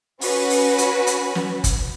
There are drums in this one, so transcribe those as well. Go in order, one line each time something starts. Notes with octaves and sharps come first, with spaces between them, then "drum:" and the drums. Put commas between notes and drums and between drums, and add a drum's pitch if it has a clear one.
C#4 F#4 B4, drum: open hi-hat
drum: open hi-hat
drum: hi-hat
drum: hi-hat
drum: snare
drum: kick G1, hi-hat